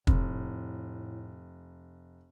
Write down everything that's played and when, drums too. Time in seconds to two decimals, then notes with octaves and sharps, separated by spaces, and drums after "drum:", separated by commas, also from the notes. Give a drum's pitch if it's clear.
0.07 F1 A2, drum: kick